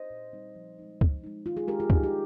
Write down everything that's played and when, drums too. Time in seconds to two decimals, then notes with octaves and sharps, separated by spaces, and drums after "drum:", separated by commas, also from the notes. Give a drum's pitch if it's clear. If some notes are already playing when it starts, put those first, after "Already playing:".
Already playing: C5 D#5
0.10 A#2
0.33 G3 C4 D#4
0.56 F3
0.79 G#3 D#4
1.01 F3, drum: kick C#2
1.24 G#3 D#4
1.46 D#3 F4
1.57 F4 G#4
1.67 G#3 D4 G4 A#4
1.80 F4 G#4
1.90 D#3 D#4 G4, drum: kick C#2
2.03 G4